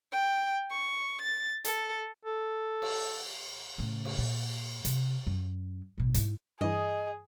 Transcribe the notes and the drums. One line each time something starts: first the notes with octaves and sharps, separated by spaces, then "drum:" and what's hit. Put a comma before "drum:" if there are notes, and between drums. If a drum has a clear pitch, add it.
G5
C#6
A6
A4, drum: hi-hat
A4
drum: cymbal
A2 C#3
drum: cymbal
A#2
C3, drum: hi-hat
F#2
A1 B2
G#2 E4, drum: hi-hat
G2 E3 G#4 D#5